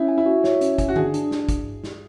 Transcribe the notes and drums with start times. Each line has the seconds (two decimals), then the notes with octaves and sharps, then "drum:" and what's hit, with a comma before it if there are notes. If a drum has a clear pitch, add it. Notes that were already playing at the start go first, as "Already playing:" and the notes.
Already playing: C#4 E4
0.08 G#5
0.18 E4
0.26 F#4
0.44 C#5, drum: snare
0.61 C#4, drum: hi-hat
0.78 G#5, drum: kick, hi-hat
0.88 F#4
0.96 D4 G#4, drum: tom D3
1.14 D4, drum: hi-hat
1.31 drum: snare
1.49 drum: kick, hi-hat
1.84 drum: snare